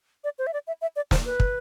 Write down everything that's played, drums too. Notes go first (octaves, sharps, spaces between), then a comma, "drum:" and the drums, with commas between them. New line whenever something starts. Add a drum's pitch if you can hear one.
D5
C5
E5
D5
E5
E5
D5
C5, drum: snare
B4
drum: kick